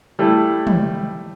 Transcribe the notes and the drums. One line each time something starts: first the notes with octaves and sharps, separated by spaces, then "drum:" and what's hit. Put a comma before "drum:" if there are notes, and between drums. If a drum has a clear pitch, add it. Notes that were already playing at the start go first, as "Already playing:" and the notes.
G3 A3 E4
drum: tom